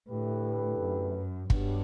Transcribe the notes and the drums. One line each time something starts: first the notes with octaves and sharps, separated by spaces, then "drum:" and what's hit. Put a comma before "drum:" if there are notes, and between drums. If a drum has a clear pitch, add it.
A2 D3 A3 E4 G4 B4
F#2
G2 F#3 B3 D4 G4, drum: kick